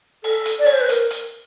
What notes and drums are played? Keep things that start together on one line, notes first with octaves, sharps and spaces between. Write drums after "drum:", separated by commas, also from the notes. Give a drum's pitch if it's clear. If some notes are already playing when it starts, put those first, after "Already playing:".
A4, drum: open hi-hat
drum: hi-hat
D5
C#5, drum: open hi-hat
C5
B4
A#4, drum: hi-hat
drum: hi-hat